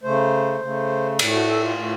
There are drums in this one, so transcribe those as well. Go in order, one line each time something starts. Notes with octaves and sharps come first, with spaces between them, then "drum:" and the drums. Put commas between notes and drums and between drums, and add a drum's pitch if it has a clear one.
C#3 A3 C5
C#3 A3
A2 A3, drum: cymbal
F#4
A4
F4
A2 A3